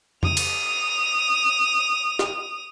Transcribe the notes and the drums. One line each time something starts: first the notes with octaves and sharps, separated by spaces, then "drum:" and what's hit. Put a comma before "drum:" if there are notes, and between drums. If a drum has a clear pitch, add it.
D#6 F7, drum: tom F2
drum: cymbal
drum: snare